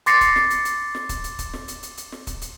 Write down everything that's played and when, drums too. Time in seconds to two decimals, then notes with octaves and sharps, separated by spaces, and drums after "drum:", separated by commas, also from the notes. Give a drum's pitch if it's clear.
0.06 C6 D6 A6 A#6 C7 C#7, drum: hi-hat
0.21 drum: kick, hi-hat
0.36 drum: snare
0.50 drum: hi-hat
0.65 drum: hi-hat
0.95 drum: snare
1.09 drum: kick, hi-hat
1.24 drum: hi-hat
1.39 drum: kick, hi-hat
1.53 drum: snare
1.68 drum: hi-hat
1.83 drum: hi-hat
1.98 drum: hi-hat
2.12 drum: snare
2.27 drum: kick, hi-hat
2.42 drum: hi-hat